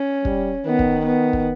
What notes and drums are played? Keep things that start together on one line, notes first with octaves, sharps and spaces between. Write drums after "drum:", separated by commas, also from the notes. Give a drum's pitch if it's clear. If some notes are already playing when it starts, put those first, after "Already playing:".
Already playing: C#4
G3, drum: kick
D#3 B3
drum: kick
B3
drum: kick